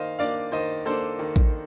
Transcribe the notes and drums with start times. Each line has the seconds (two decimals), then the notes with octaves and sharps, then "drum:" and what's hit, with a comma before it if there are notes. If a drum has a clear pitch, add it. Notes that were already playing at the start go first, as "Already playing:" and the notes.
Already playing: D#3 A#3 C5 D#5 F5
0.19 A#3 D4 D5 F5
0.52 D#3 C5 D#5
0.85 A#3 D4 A4 C5
1.19 D#3
1.36 drum: kick A1